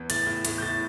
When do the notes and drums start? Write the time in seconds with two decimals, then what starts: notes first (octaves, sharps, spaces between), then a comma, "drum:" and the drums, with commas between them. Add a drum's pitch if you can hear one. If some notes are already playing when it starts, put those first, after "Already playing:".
Already playing: E2
0.10 A2 A6, drum: hi-hat
0.27 A2
0.45 A2, drum: hi-hat
0.58 G6
0.62 A2 A6